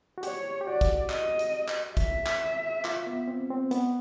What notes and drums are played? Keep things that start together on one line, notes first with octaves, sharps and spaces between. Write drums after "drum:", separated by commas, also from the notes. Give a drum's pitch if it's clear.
F#4
G4 C#5, drum: hi-hat
G4
F#4 D5
drum: kick, hi-hat
D#5, drum: clap
drum: hi-hat
drum: clap
E5, drum: kick, hi-hat
drum: clap
F4, drum: clap
B3
C4
C4
B3, drum: hi-hat